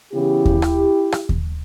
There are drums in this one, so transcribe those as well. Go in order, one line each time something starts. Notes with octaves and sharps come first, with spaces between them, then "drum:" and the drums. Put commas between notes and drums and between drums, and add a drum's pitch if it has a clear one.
C#3 E3 B3 E4 G4
drum: kick D#2
drum: rim click
drum: rim click
drum: kick D#2